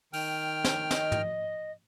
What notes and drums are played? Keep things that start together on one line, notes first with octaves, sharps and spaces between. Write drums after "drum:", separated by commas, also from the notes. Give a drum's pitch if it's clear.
D#3 G5 F6, drum: open hi-hat
drum: snare
D#5, drum: snare
drum: tom